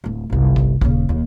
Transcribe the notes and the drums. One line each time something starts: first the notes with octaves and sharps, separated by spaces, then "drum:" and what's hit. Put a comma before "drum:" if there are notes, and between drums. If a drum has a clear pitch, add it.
D1 A3
G1 C2
drum: kick
D#1 C#3, drum: kick
D#1 D#2